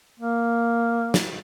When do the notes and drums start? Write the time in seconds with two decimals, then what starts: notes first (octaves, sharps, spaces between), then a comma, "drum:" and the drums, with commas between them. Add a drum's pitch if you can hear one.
0.20 A#3
1.14 drum: snare